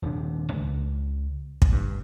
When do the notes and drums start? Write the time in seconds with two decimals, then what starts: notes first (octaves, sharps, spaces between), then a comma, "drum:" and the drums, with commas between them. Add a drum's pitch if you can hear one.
0.02 D#1 D#2 C3 D4
0.52 C#2
1.62 drum: kick
1.72 G2